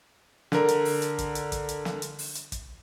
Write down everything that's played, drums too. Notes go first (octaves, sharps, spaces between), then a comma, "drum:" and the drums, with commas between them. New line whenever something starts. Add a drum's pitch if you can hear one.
D3 A#4, drum: snare
drum: hi-hat
drum: open hi-hat
drum: hi-hat
drum: kick, hi-hat
drum: hi-hat
drum: kick, hi-hat
drum: hi-hat
drum: snare
drum: hi-hat
drum: open hi-hat
drum: hi-hat
drum: kick, hi-hat